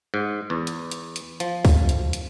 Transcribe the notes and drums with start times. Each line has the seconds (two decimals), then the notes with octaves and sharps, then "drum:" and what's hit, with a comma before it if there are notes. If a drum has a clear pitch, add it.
0.14 G#2
0.50 E2
0.67 drum: hi-hat
0.91 drum: hi-hat
1.16 drum: hi-hat
1.40 F3, drum: hi-hat
1.65 drum: kick C#2, open hi-hat
1.89 drum: hi-hat
2.13 drum: hi-hat